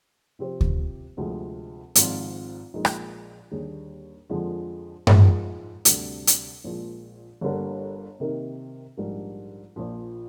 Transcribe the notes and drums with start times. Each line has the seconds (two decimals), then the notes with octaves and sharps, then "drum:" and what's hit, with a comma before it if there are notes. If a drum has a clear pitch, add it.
0.39 C3 F3 C4 G4 C5
0.61 drum: kick D2
1.17 D2 C3 F3 G#3 C4
1.95 G#1 G#2 F3 C4 F4, drum: hi-hat
2.74 A#1 A#2 G#3 D#4
2.85 drum: rim click
3.51 D#2 D3 G3 D4 G#4
4.30 F2 D3 F3 G#3
5.07 G#2 F3 G#3, drum: tom G2
5.85 D2 C3 G3 D4, drum: hi-hat
6.27 drum: hi-hat
6.64 A#1 A#2 F3 G#3
7.41 G1 G2 D3 G3 A#3
8.20 C3 D#3 A#3 D#4 A#4
8.97 A#1 G#2 G3 A#3 D4
9.76 A#1 A#2 F3